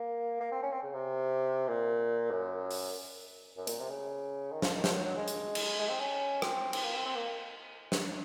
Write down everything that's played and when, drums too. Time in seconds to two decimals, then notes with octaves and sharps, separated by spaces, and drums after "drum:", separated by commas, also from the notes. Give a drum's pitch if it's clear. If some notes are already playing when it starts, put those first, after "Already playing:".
Already playing: A#3
0.41 A#3
0.52 C4
0.63 C#4
0.72 C4
0.83 C#3
0.94 C3
1.68 A#2
2.31 F#2
2.71 drum: open hi-hat
3.57 F#2
3.67 A#2, drum: hi-hat
3.79 C3
3.89 C#3
4.52 D#3
4.62 F3, drum: snare
4.74 D#3
4.84 F3, drum: snare
4.94 F#3
5.05 F#3
5.15 G#3
5.28 drum: hi-hat
5.55 drum: cymbal
5.79 G#3
5.89 C4
6.00 C#4
6.42 C4, drum: rim click
6.73 C4, drum: cymbal
6.84 A#3
6.95 C4
7.06 C4
7.16 A#3
7.92 drum: snare